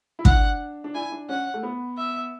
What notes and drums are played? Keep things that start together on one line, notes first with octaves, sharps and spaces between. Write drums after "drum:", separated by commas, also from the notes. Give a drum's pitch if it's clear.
E4
D4 F#5, drum: kick
D4
E4 G#5
D4
C#4 F#5
A3
B3
E5